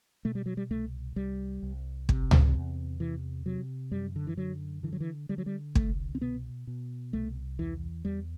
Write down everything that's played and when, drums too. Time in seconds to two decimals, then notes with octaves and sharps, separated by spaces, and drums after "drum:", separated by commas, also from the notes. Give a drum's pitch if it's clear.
0.25 B2 A3
0.35 G3
0.46 F#3
0.57 G3
0.70 C2 A3
1.16 C2 G3
1.63 C2
2.09 C3, drum: kick
2.31 drum: tom C#2
2.54 E2
3.00 C3 E3
3.46 C3 F#3
3.91 F#2 G3
4.16 D3
4.27 E3
4.37 D3 F#3
4.83 D3 E3
4.93 F#3
5.00 E3
5.29 D3 G3
5.38 F#3
5.46 G3
5.75 C2 A3, drum: kick
6.15 C4
6.21 B2 B3
6.67 B2
7.13 C2 A3
7.59 E2 E3
8.05 E2 G3